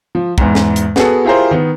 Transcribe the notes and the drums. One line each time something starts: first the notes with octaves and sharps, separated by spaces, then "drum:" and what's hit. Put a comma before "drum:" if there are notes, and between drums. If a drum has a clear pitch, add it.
F3
E2 G#2, drum: kick
drum: snare
drum: hi-hat
B3 F#4 G#4 A4, drum: snare
E4 F4 G4 G#4 A#4 C5
D#3 B3